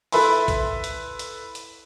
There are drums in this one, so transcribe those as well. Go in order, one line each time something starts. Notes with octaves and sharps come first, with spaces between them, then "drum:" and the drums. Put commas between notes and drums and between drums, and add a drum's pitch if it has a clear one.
E4 A4 B4 E5 B5 C6, drum: open hi-hat
drum: kick A#1, hi-hat
drum: hi-hat
drum: hi-hat
drum: hi-hat